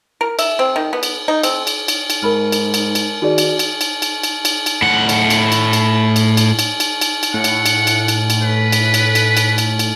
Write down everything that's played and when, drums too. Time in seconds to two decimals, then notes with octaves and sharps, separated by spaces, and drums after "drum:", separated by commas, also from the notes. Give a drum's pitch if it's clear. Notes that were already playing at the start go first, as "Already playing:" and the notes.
0.21 A#4
0.39 E5, drum: cymbal
0.59 C4
0.76 D#3
0.93 B3
1.03 drum: cymbal
1.28 D#4
1.43 C4, drum: cymbal
1.67 drum: cymbal
1.88 drum: cymbal
2.10 drum: cymbal
2.22 G#2 A#4 B5 F6
2.52 drum: cymbal
2.74 drum: cymbal
2.95 drum: cymbal
3.22 D#3 F#4 G#4 D5
3.38 drum: cymbal
3.59 drum: cymbal
3.81 drum: cymbal
4.02 drum: cymbal
4.23 drum: cymbal
4.45 drum: cymbal
4.66 drum: cymbal
4.82 A2 F#5
5.09 drum: cymbal
5.30 drum: cymbal
5.52 drum: cymbal
5.73 drum: cymbal
6.16 drum: cymbal
6.37 drum: cymbal
6.59 drum: cymbal
6.80 drum: cymbal
7.01 drum: cymbal
7.23 drum: cymbal
7.34 A2 F#5
7.44 drum: cymbal
7.66 drum: cymbal
7.87 drum: cymbal
8.08 drum: cymbal
8.30 drum: cymbal
8.42 B4
8.72 drum: cymbal
8.94 drum: cymbal
9.15 drum: cymbal
9.37 drum: cymbal
9.58 drum: cymbal
9.79 drum: cymbal